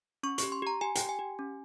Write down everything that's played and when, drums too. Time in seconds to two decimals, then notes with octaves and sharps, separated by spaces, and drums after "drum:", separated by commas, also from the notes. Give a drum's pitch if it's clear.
0.23 C#4 C#6
0.38 G4 C#6, drum: hi-hat
0.52 C6
0.62 G4 A#5
0.81 G4 G#5
0.95 G4 G5, drum: hi-hat
1.09 G#5
1.19 G4
1.39 C#4